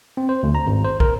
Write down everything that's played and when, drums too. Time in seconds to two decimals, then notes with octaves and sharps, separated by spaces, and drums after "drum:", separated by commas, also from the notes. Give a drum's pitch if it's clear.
0.17 C4
0.29 C5
0.43 D2
0.55 A#5
0.67 G#1
0.85 C5
1.00 A#4, drum: kick